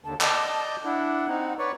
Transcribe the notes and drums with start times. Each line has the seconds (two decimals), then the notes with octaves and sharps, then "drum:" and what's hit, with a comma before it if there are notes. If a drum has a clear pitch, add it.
0.04 D#2 D3 A5
0.21 D5 D#5 A5 G6, drum: clap
0.85 D4 E4 F#5
1.27 C4 D#4
1.59 B4 C#5 D5 C#6